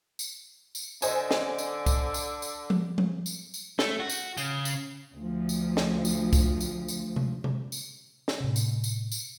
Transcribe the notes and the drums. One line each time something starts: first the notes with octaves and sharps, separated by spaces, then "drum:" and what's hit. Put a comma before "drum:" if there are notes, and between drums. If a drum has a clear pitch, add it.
drum: tambourine
drum: tambourine
D3 C5 D#5 G#5, drum: tambourine
drum: snare
drum: tambourine
drum: kick C2, tambourine
drum: tambourine
drum: tambourine
drum: tom F3
drum: tom F3
drum: tambourine
drum: tambourine
A3, drum: snare
F#4
drum: tambourine
C#3, drum: tambourine
drum: tambourine
D2 F3
drum: tambourine
drum: snare
drum: tambourine
drum: kick C2, tambourine
drum: tambourine
drum: tambourine
drum: tom C3
drum: tom C3
drum: tambourine
drum: snare
A2 C3
drum: tambourine
drum: tambourine
drum: tambourine